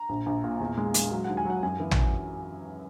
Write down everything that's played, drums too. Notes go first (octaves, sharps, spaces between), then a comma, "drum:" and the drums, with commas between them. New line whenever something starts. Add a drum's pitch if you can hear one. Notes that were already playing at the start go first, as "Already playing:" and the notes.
Already playing: A#5
A#1
A#1
A#2
E2
G#3
G#3, drum: hi-hat
F#3
D#2 F#5
G#5
F#3 F#5
F#2 G#5
E3
drum: tom